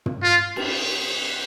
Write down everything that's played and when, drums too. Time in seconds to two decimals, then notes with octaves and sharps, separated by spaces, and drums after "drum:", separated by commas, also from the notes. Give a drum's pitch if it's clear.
0.06 drum: tom
0.23 F4
0.56 drum: cymbal